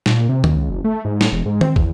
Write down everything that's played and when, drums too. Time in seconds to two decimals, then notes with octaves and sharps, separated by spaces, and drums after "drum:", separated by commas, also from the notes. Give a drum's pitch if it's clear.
0.06 A#2, drum: snare
0.29 C3
0.44 D#2, drum: tom D#3
0.56 C#2
0.70 F#1
0.84 A3
1.05 G#2
1.21 A2, drum: snare
1.32 E1
1.46 G#2
1.61 C4, drum: tom D#3
1.76 E2, drum: kick